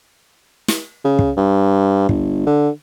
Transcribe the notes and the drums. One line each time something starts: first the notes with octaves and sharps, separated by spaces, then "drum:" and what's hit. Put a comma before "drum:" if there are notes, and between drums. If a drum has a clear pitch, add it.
drum: snare
C#3
drum: kick
G2
G1, drum: kick
D3